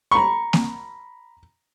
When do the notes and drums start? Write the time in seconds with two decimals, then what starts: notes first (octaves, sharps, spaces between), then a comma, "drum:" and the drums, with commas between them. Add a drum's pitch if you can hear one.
0.11 A#5 B5 C#6
0.53 drum: snare A#3